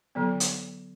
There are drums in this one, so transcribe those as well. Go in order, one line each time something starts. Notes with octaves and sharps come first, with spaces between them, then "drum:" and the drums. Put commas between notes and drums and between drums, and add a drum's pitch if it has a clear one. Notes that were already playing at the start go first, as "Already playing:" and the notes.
D3 F#3 B3
drum: hi-hat